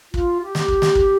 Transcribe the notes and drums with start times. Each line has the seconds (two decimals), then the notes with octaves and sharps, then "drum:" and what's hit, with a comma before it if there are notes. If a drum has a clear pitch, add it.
0.14 F4, drum: kick
0.41 G4
0.55 drum: snare
0.68 drum: kick
0.82 drum: snare
0.95 drum: kick